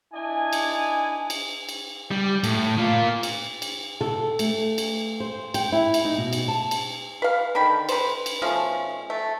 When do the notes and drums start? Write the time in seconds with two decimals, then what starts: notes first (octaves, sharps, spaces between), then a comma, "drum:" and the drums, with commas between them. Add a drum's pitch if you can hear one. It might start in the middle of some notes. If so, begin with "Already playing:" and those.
0.13 D4 E4 D#5 G#5
0.53 drum: cymbal
1.30 drum: cymbal
1.69 drum: cymbal
2.11 G3
2.44 A2, drum: cymbal
2.78 A#3 F4
3.23 drum: cymbal
3.62 drum: cymbal
4.01 A4, drum: tom
4.39 A3, drum: cymbal
4.78 drum: cymbal
5.20 C5
5.54 G5, drum: cymbal
5.72 E4
5.94 drum: cymbal
6.05 D#4
6.18 B2
6.33 drum: cymbal
6.48 A5
6.71 drum: cymbal
7.22 B4 F5
7.55 D3 D#3 G5 B5
7.89 B4 C5, drum: cymbal
8.26 drum: cymbal
8.42 B2 F3 A3 C#4
9.10 A3